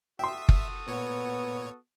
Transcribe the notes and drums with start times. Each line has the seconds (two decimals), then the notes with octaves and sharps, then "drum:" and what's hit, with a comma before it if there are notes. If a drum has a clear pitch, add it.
0.19 F#4 A4 E5 G5 C6 D#6
0.49 drum: kick
0.88 A#2 B3 C#5